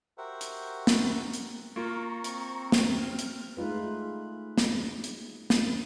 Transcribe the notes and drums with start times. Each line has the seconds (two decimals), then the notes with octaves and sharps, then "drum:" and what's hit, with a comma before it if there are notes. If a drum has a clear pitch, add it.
0.18 F#4 G4 A#4 C5 E5 F#5
0.41 drum: hi-hat
0.87 drum: snare
1.34 drum: hi-hat
1.76 A#3 F4 A#5 C#6
2.24 C4, drum: hi-hat
2.72 drum: snare
2.98 F6
3.19 drum: hi-hat
3.57 G#3 A3 D#4 F4 B4
4.58 drum: snare
5.04 drum: hi-hat
5.50 drum: snare